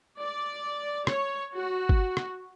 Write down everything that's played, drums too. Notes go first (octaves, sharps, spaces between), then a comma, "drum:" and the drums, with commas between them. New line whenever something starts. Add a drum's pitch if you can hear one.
D5
C#5, drum: rim click
F#4
drum: kick
drum: rim click